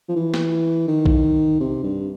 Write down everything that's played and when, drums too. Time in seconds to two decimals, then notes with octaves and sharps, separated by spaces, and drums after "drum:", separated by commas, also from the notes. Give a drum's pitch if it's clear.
0.09 F3
0.16 E3
0.34 drum: snare
0.88 D#3
1.06 drum: kick
1.60 C3
1.83 G2